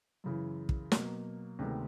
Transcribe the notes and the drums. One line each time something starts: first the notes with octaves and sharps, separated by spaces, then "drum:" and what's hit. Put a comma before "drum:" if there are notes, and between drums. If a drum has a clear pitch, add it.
F#2 C#3 E3
drum: kick
B2 F#3 A#3, drum: snare
D2 C3 D#3 G#3 B3